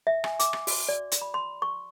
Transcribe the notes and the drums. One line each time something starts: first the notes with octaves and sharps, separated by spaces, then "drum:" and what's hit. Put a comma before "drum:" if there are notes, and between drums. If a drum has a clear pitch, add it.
E5
G#5, drum: rim click
D6, drum: hi-hat
drum: rim click
F#4, drum: open hi-hat
D5
drum: hi-hat
B5
C6
C#6